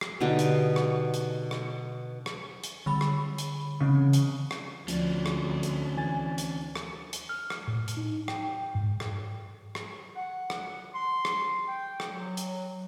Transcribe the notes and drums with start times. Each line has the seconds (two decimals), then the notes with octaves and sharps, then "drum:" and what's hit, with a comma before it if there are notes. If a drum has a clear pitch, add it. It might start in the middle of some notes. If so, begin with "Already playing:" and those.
0.01 drum: rim click
0.21 B2 D3 D#4 G4
0.39 drum: hi-hat
0.76 drum: rim click
1.14 drum: hi-hat
1.51 drum: rim click
2.26 drum: rim click
2.64 drum: hi-hat
2.86 D3 G3 B5
3.01 drum: rim click
3.38 drum: hi-hat
3.80 C#3 E3 C4
4.13 drum: hi-hat
4.51 drum: rim click
4.88 D2 F3 C#4 D4, drum: hi-hat
5.26 drum: rim click
5.63 drum: hi-hat
5.97 E3 G#5 A6
6.38 drum: hi-hat
6.75 drum: rim click
7.13 drum: hi-hat
7.29 F6
7.50 drum: rim click
7.68 A2
7.88 drum: hi-hat
7.97 D#4
8.28 G5, drum: rim click
8.75 G#2
9.00 drum: rim click
9.75 drum: rim click
10.16 F#5
10.50 drum: rim click
10.94 C6
11.25 drum: rim click
11.67 G5
12.00 drum: rim click
12.14 F#3
12.37 drum: hi-hat